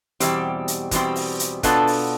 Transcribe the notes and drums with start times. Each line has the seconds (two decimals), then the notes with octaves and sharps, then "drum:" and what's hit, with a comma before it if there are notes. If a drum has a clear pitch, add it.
0.20 E2 B2 G3 C4 G4, drum: hi-hat
0.68 drum: hi-hat
0.91 E2 B2 G3 C4 G4, drum: kick, hi-hat
1.16 drum: open hi-hat
1.40 drum: hi-hat
1.63 B2 B3 D4 F4 A4, drum: kick, hi-hat
1.87 drum: open hi-hat